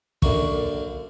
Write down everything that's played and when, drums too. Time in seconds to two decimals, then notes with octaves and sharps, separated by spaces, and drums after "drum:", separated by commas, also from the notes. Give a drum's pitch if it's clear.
0.22 F#2 D3 A#3 C#6, drum: kick